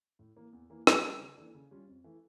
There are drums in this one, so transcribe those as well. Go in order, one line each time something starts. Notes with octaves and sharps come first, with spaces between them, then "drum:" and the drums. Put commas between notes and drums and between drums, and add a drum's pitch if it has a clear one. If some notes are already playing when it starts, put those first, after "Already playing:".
A2
E3 A#3
E2
E3 A#3
D3, drum: rim click
G3 C#4
C#3
E3 A#3 D4 A4
C#3
G3 C#4 F4
F2
E3 A3